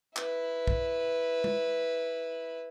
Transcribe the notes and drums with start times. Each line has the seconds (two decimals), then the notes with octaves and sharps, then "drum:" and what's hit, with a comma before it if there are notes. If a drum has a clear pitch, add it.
0.16 E4 B4, drum: clap
0.67 drum: kick
1.44 drum: tom G#3